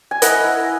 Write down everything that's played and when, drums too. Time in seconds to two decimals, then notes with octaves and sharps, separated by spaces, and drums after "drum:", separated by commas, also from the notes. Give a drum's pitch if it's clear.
0.11 G#5
0.22 E4 D#5 F#5, drum: hi-hat
0.44 E4